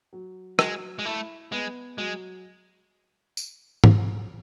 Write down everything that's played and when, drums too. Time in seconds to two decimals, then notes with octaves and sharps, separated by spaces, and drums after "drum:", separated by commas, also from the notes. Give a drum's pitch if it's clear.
0.13 F#3
0.59 F#3 G#3, drum: rim click
0.99 G#3
1.05 A3 E4
1.52 G#3 B3
1.98 F#3 G#3
3.37 drum: tambourine
3.84 drum: tom G#2